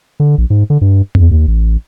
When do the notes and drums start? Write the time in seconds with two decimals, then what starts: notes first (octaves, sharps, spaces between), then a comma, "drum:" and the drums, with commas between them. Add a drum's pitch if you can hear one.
0.20 D3
0.38 A#1
0.50 G#2
0.70 D3
0.81 G2
1.15 E2, drum: tom F2
1.31 D#2
1.48 A1